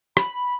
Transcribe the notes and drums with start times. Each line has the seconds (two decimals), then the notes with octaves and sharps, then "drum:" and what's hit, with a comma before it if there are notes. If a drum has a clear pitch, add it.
0.17 B5, drum: rim click